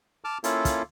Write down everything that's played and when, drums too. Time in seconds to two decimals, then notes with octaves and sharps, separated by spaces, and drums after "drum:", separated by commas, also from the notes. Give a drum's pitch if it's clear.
0.24 A5 D6 F6
0.44 A#3 C#4 E4 F4 A4, drum: hi-hat
0.65 drum: kick, hi-hat